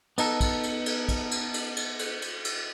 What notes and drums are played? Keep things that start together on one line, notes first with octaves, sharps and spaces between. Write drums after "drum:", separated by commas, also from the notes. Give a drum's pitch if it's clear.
B3 D#4 A4, drum: cymbal
drum: kick, cymbal
drum: cymbal
drum: cymbal
drum: kick, cymbal
drum: cymbal
drum: cymbal
drum: cymbal
drum: cymbal
drum: cymbal
drum: cymbal